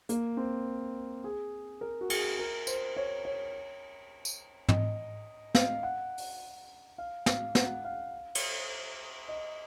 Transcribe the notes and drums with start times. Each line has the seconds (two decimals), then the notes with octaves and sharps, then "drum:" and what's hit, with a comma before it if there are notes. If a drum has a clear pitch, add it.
0.09 A#3, drum: hi-hat
0.37 C4
1.24 G#4
1.81 A#4
2.01 F#4
2.10 G#4, drum: cymbal
2.39 A#4
2.67 C5, drum: tambourine
2.96 C#5
3.25 C#5
4.25 drum: tambourine
4.68 D#5, drum: tom
5.55 F5, drum: snare
5.83 F#5
6.18 drum: open hi-hat
6.98 F5
7.26 F5, drum: snare
7.55 F#5, drum: snare
7.84 F5
8.35 drum: cymbal
9.28 D#5